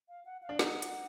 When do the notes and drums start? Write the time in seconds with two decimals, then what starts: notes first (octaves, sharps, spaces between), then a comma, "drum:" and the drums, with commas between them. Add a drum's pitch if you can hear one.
0.09 F5
0.25 F#5
0.43 F5
0.49 D4
0.59 D#4 F#5, drum: snare
0.82 drum: hi-hat